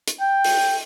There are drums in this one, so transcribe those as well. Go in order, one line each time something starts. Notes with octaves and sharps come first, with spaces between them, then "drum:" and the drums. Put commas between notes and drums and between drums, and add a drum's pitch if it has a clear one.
drum: hi-hat
G5
drum: open hi-hat